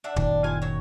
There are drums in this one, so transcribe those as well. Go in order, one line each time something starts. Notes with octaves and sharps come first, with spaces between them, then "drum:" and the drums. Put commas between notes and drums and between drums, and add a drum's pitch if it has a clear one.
D4 E5 F#5
F#1 A#2 D#3 D4, drum: kick
E3 F4 G#5
F#3 C#5